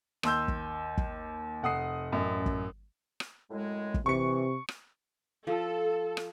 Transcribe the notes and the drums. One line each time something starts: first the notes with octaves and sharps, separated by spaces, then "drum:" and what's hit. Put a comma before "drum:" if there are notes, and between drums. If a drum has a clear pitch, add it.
D#2 C6 E6 G6, drum: rim click
drum: kick
drum: kick
F1 F#5 D#6 C7
A1 F#2
drum: kick
drum: rim click
F#2 A2 G#3
drum: kick
C3 E3 C#6 C#7
drum: rim click
F3 A4
drum: rim click